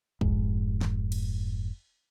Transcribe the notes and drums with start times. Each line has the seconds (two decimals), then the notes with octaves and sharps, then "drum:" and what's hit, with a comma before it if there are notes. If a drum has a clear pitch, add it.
0.21 F1 G#2, drum: kick
0.81 drum: snare
1.12 drum: cymbal